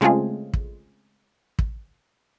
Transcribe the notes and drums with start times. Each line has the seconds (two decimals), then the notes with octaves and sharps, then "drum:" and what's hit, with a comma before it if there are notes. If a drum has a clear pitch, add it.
0.01 C#3 G#3 A3 C4 F4 G#4
0.54 drum: kick
1.59 drum: kick